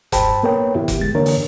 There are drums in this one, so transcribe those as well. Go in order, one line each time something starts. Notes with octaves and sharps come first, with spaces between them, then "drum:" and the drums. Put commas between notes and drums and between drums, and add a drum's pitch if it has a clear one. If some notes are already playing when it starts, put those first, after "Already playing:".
G2 C5 G5 A5 B5, drum: kick F1, hi-hat
A#3 B3 A#4 B4 C#5 G5
E3 B3 E4 G4
drum: kick F1, hi-hat
D2 G#3 A6
D3 E3 A#3 D4 A#4 C#5
drum: open hi-hat